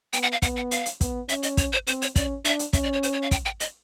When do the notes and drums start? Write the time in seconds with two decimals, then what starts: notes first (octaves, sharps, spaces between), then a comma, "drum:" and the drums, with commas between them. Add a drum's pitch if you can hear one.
0.13 B3 G5, drum: hi-hat
0.23 F#5
0.32 F5
0.42 B3 F#5, drum: kick, hi-hat
0.56 F#5
0.71 F5, drum: hi-hat
0.86 drum: hi-hat
1.01 B3, drum: kick, hi-hat
1.29 C#4 E5, drum: hi-hat
1.43 D#5, drum: hi-hat
1.57 C#5, drum: kick, hi-hat
1.73 C5
1.87 C4 C5, drum: hi-hat
2.02 C#5, drum: hi-hat
2.16 C#4 D5, drum: kick, hi-hat
2.45 D4 E5, drum: hi-hat
2.59 drum: hi-hat
2.73 C#4 E5, drum: kick, hi-hat
2.83 D5
2.93 C#5
3.03 C5, drum: hi-hat
3.13 C#5
3.22 F5
3.31 G5, drum: kick, hi-hat
3.46 G5
3.60 D#5, drum: hi-hat